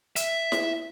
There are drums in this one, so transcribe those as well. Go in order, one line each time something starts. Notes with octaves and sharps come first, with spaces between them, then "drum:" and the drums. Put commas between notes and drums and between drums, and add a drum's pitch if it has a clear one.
E5, drum: hi-hat
drum: snare E4